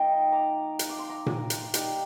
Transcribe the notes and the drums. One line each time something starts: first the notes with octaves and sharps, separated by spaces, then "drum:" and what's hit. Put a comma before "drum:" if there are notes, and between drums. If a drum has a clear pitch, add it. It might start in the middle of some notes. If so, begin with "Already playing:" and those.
Already playing: F3 A#3 D#4 D#5 G5
A#5 D6
drum: hi-hat
D6
C6
A#5 D6
drum: tom A#2
drum: hi-hat
G3 A#3 D#4, drum: hi-hat